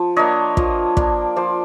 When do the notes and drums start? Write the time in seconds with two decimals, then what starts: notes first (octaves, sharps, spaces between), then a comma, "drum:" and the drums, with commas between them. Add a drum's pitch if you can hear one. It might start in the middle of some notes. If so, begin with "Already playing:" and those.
Already playing: F3
0.16 A#3 D4 C#5 D#5
0.57 F3, drum: kick
0.97 A#3 D4, drum: kick
1.36 F3 C5 D5